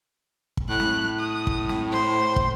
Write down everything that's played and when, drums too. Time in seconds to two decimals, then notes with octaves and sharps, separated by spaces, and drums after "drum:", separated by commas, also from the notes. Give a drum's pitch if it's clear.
0.57 drum: kick
0.69 A2 F#6
0.80 drum: snare
1.20 D#6
1.47 drum: kick
1.69 drum: snare
1.92 C5
2.36 drum: kick